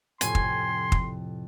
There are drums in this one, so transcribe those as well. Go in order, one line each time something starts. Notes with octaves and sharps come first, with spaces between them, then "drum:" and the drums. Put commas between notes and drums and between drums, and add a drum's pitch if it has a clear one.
F2 A2 C3 G#5 C6, drum: hi-hat
drum: kick
drum: kick